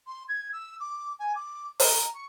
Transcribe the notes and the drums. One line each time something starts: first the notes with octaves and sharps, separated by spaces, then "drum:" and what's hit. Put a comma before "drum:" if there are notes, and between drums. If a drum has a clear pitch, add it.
C6
G#6
E6
D6
G#5
D6
A#5, drum: open hi-hat
C#6